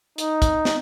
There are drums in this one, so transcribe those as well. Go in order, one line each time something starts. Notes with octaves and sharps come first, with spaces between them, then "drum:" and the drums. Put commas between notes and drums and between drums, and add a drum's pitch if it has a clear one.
D#4, drum: hi-hat
drum: kick, hi-hat
drum: snare